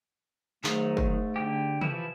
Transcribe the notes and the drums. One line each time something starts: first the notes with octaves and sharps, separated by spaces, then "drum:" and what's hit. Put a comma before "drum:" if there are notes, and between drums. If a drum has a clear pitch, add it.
G#2 D#3 F#3 A3, drum: clap
drum: kick
D3 G4
E3 F3 E4, drum: tom C3